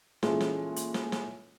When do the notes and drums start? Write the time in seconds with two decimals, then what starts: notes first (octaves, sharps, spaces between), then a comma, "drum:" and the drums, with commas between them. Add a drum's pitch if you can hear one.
0.23 A#2 E3 G#3 C#4 F4 A4, drum: snare
0.40 drum: snare
0.76 drum: hi-hat
0.94 drum: snare
1.12 drum: snare